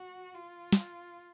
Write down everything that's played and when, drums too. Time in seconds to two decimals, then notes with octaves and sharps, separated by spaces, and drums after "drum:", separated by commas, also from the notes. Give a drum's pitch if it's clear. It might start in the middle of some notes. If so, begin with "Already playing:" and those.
Already playing: F#4
0.34 F4
0.72 drum: snare